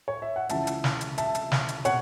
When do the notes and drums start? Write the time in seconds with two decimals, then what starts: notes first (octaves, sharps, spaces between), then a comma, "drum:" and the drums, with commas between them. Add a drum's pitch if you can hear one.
0.08 C#5
0.22 E5
0.36 F#5
0.49 C#2 C#3 E3 E5 A5, drum: hi-hat
0.67 drum: hi-hat
0.84 drum: snare
1.01 drum: hi-hat
1.18 E5 A5, drum: hi-hat
1.35 drum: hi-hat
1.52 drum: snare
1.68 drum: hi-hat
1.85 B2 C#5 F#5, drum: hi-hat